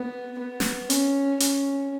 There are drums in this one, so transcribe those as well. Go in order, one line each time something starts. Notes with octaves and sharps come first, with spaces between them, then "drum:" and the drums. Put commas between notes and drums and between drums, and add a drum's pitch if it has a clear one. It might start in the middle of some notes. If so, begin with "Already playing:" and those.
Already playing: B3
B3
drum: snare
C#4, drum: hi-hat
C#4, drum: hi-hat